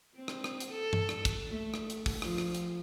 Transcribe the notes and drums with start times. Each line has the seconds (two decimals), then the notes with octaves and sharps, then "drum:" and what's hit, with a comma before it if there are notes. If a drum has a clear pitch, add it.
0.16 C4
0.28 drum: rim click
0.44 drum: rim click
0.60 drum: hi-hat
0.71 A4
0.93 drum: tom G2
1.09 drum: rim click
1.25 drum: kick, hi-hat
1.50 A3
1.74 drum: rim click
1.90 drum: hi-hat
2.06 drum: kick, open hi-hat
2.22 F3, drum: rim click
2.38 drum: rim click
2.55 drum: hi-hat